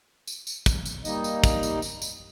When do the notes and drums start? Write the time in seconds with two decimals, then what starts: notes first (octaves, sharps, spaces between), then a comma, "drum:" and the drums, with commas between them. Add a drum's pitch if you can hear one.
0.27 drum: tambourine
0.47 drum: tambourine
0.66 drum: kick, tambourine
0.86 drum: tambourine
1.05 G3 A#3 D#4 D#5, drum: tambourine
1.24 drum: tambourine
1.44 drum: kick, tambourine
1.63 drum: tambourine
1.82 drum: tambourine
2.02 drum: tambourine